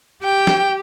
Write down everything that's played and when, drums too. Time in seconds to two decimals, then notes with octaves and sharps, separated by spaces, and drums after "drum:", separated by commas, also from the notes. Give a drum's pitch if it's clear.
0.24 G4 G5
0.47 drum: snare